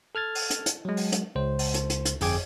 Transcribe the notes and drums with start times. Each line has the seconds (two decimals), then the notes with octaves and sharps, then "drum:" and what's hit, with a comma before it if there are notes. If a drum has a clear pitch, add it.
0.15 A4 F6 G#6 A6
0.35 drum: open hi-hat
0.51 drum: hi-hat
0.66 drum: hi-hat
0.85 F#3 G#3
0.97 drum: open hi-hat
1.12 drum: hi-hat
1.35 C#2 C5
1.59 drum: open hi-hat
1.74 drum: hi-hat
1.90 drum: hi-hat
2.05 drum: hi-hat
2.21 G1 F2 G#4 G5 D6 G#6, drum: open hi-hat